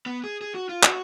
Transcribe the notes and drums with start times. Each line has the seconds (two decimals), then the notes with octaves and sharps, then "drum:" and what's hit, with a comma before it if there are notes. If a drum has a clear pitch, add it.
0.06 B3
0.24 G#4
0.41 G#4
0.55 F#4
0.69 F4
0.83 F#4, drum: clap